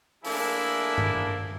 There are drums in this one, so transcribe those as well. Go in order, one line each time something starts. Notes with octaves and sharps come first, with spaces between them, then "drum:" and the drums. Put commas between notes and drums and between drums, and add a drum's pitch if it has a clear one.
F3 A3 A#3 D4 E4 G#4, drum: open hi-hat
drum: tom G2